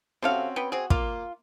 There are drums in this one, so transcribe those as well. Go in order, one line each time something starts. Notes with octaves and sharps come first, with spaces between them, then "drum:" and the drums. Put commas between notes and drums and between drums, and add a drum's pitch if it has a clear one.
C3 C4 C#4 F#4 A4 F5
B3 B4 G5
C4 F#4 G#4
A#3 F4 D6, drum: kick